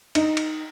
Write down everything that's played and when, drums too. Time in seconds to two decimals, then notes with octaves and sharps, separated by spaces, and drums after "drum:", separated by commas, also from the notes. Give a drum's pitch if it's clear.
0.15 D#4, drum: cymbal
0.37 drum: cymbal